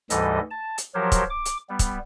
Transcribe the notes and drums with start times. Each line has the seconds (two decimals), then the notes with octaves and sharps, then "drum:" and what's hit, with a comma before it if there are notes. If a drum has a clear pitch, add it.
0.10 D2 G#2 E3 G3 A4 D#5, drum: hi-hat
0.51 A5
0.78 drum: hi-hat
0.95 F3 F#3 G4 A#4 C5 C#5
1.12 drum: kick, hi-hat
1.30 D6
1.46 drum: hi-hat
1.69 G3 B3
1.79 drum: kick, hi-hat